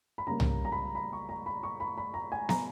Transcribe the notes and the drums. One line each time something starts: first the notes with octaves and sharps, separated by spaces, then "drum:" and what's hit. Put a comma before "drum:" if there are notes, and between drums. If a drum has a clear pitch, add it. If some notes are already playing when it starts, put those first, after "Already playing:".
B5
C#3 G3 A#3 A#5
drum: tom C2
A#5
B5
B5
C#6
A#5
B5
C#6
B5
B5
A#5
G#5
A#5, drum: snare